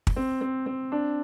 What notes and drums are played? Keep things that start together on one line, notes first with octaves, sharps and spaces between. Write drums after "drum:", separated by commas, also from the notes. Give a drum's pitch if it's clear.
drum: kick
C4
C4
C4
D4